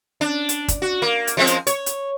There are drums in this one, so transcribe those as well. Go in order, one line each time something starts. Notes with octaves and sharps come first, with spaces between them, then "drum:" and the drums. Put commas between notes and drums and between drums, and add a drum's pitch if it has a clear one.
D4
drum: hi-hat
drum: kick, hi-hat
F#4
A#3
drum: hi-hat
F3 G#3 C4
drum: hi-hat
C#5, drum: hi-hat
drum: hi-hat